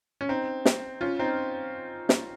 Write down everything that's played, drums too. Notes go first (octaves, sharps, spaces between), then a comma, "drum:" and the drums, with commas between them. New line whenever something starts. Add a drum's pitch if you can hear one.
C#4
C4 D#4
drum: snare
C#4 F4
C4 D#4
drum: snare